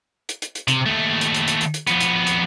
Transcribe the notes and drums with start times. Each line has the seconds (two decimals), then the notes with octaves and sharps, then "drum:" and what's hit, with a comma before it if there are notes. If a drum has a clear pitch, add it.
0.29 drum: hi-hat
0.42 drum: hi-hat
0.55 drum: hi-hat
0.68 C3, drum: hi-hat
0.86 D#2 A3
1.21 drum: hi-hat
1.34 drum: hi-hat
1.48 drum: hi-hat
1.61 drum: hi-hat
1.74 drum: hi-hat
1.87 F2 B3, drum: hi-hat
2.00 drum: hi-hat
2.27 drum: hi-hat